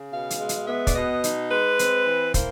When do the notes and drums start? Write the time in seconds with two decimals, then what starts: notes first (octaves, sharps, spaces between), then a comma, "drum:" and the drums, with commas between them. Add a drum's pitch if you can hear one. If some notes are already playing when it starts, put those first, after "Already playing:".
Already playing: C#3
0.11 B2 F5
0.30 drum: hi-hat
0.40 G#3
0.49 drum: hi-hat
0.67 B3 E5
0.87 D5, drum: kick, hi-hat
0.95 B2 D#5
1.24 D#4, drum: hi-hat
1.50 G#3 B4
1.79 C4, drum: hi-hat
2.06 E3
2.34 A#3 C5, drum: kick, hi-hat